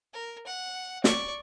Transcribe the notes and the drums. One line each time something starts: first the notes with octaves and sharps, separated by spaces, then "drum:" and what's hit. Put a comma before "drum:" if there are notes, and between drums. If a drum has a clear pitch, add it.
A#4
F#5
D5 C#6, drum: snare